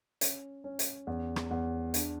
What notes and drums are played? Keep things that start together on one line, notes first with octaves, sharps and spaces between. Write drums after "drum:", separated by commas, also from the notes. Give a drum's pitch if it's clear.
C#4, drum: hi-hat
C#4
drum: hi-hat
E2
drum: rim click
E2
D4, drum: hi-hat